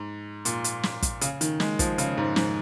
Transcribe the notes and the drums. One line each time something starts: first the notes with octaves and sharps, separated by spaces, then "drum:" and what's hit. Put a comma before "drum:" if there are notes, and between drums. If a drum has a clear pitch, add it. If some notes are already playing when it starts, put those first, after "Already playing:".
Already playing: G#2
A#2, drum: hi-hat
drum: hi-hat
drum: snare
drum: kick, hi-hat
C#3, drum: hi-hat
D#3, drum: hi-hat
G#3, drum: snare
F3, drum: kick, hi-hat
C#3, drum: hi-hat
G#2
G#2, drum: snare